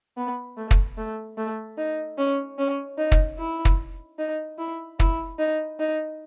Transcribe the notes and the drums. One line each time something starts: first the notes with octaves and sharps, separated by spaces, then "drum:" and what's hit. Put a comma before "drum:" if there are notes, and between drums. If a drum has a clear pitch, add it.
B3
A3
drum: kick
A3
A3
D#4
C#4
C#4
D#4
drum: kick
E4
drum: kick
D#4
E4
E4, drum: kick
D#4
D#4